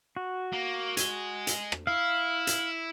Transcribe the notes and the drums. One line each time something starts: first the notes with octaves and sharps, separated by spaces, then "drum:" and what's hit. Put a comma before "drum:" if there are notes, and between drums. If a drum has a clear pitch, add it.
F#4
A#3
D#5 G#5, drum: hi-hat
drum: hi-hat
drum: rim click
E4 F5
drum: hi-hat